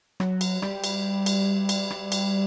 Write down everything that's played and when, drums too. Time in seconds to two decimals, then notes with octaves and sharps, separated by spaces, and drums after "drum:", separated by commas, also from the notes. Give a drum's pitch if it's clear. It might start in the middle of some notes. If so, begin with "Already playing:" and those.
0.20 F#3, drum: rim click
0.41 drum: cymbal
0.62 G3, drum: rim click
0.84 drum: cymbal
1.26 drum: cymbal
1.69 drum: cymbal
1.90 drum: rim click
2.12 drum: cymbal